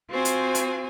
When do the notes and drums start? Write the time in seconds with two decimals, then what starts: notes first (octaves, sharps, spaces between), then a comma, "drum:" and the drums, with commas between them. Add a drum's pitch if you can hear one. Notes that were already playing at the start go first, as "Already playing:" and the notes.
0.11 C4 F4 F#4 C5 G#5
0.25 drum: hi-hat
0.55 drum: hi-hat